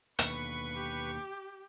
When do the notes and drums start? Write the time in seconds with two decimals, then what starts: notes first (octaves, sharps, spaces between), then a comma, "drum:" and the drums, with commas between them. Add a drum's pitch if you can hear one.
0.19 D#2 B2 D3 B4 C#6, drum: hi-hat
0.74 G4